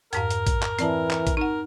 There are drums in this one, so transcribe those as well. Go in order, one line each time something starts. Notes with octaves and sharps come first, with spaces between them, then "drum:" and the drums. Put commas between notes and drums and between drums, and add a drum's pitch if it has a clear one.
F2 G#2 A#4 F5, drum: hi-hat
drum: hi-hat
drum: kick, hi-hat
drum: clap
E3 C4 D5 A5, drum: hi-hat
drum: clap
drum: kick, hi-hat
D#4 A#4 F#5